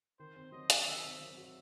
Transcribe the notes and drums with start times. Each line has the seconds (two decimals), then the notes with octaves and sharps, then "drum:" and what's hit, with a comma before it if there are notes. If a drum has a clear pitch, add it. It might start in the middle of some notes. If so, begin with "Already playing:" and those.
0.19 D#3 C5
0.36 C4
0.52 F#3 D#5
0.70 F#4, drum: hi-hat
0.87 D#3 E5
1.04 C4
1.21 F#3
1.37 F#4